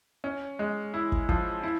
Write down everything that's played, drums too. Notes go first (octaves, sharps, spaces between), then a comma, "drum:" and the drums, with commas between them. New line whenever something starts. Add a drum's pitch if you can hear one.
C#4
G#3
E4
drum: kick
F3, drum: kick
E4